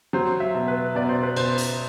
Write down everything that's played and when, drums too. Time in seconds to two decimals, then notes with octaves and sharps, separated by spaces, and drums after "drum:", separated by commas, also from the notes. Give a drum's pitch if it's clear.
0.13 F#3 C5
0.40 E5
0.55 B2
0.68 B4
0.95 B2 D5
1.09 C5
1.23 B4
1.36 B2 C5, drum: cymbal
1.58 drum: hi-hat